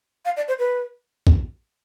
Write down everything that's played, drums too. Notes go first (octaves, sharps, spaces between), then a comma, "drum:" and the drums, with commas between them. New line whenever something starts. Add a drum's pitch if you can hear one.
F5
D5
C5
B4
drum: kick A#1